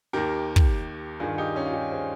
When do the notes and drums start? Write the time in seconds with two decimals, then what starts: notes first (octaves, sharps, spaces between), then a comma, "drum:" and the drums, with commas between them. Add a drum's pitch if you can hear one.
0.13 D#2 D#3 G4 A#4
0.56 drum: kick
1.20 G2 D#3 F4 G#4
1.38 D#4 G4
1.55 C#4 F4
1.66 F4
1.73 D#4 G4
1.91 G#4 C5